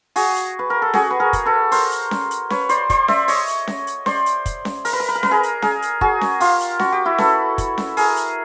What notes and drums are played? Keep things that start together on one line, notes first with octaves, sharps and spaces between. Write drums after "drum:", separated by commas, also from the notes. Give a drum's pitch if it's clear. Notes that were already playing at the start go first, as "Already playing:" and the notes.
F#4 G#4, drum: open hi-hat
drum: hi-hat
B4
A#4
A4
F#4 G#4, drum: snare C#4
B4
G#4 A#4
drum: kick, hi-hat
A4 B4
A#4 C5, drum: open hi-hat
drum: hi-hat
drum: snare C#4
drum: hi-hat
B4 C#5, drum: snare C#4
C5 D5, drum: hi-hat
C5 D5, drum: kick, hi-hat
D5 E5, drum: snare C#4
C#5 D#5, drum: open hi-hat
drum: hi-hat
drum: snare C#4
drum: hi-hat
C5 D5, drum: snare C#4
drum: hi-hat
drum: kick, hi-hat
drum: snare C#4
A#4, drum: open hi-hat
B4
A#4
B4
A#4
B4, drum: snare C#4
G#4 A#4
drum: hi-hat
G#4 A#4, drum: snare C#4
drum: hi-hat
F#4 G#4, drum: kick
drum: snare C#4
F4 G4, drum: open hi-hat
drum: hi-hat
F#4, drum: snare C#4
G4
E4 F#4
A4 B4, drum: snare C#4
drum: kick, hi-hat
drum: snare C#4
G#4 A#4, drum: open hi-hat
drum: hi-hat